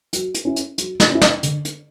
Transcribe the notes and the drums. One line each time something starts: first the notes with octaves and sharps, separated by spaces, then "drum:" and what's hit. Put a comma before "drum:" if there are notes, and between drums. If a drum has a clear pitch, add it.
F#3, drum: hi-hat
drum: hi-hat
C#4 E4
drum: hi-hat
F#3, drum: hi-hat
drum: snare
C#4 E4
drum: snare
D3, drum: hi-hat
drum: hi-hat